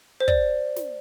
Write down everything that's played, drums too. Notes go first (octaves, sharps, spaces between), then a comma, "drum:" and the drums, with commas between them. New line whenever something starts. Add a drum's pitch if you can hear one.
C5
D5, drum: kick
drum: snare